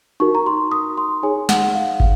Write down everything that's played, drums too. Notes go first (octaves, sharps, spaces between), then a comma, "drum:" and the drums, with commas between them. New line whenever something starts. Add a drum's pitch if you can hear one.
D#4 F#4 A#4 C#6
A#5
C6
D#6
C6
D#4 G#4 C#5 G#5
F#5, drum: snare
F5
F5, drum: kick